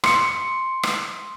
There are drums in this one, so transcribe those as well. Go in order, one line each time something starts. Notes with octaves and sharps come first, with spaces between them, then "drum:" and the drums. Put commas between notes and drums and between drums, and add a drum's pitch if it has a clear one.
C6 C#7, drum: rim click
drum: rim click